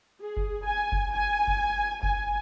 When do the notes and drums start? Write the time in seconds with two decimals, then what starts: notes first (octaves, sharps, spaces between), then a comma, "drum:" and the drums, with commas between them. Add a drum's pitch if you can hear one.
0.21 G#4
0.37 drum: kick F#1
0.65 G#5
0.92 drum: kick F#1
1.13 G#5
1.48 drum: kick F#1
2.03 G#5, drum: kick F#1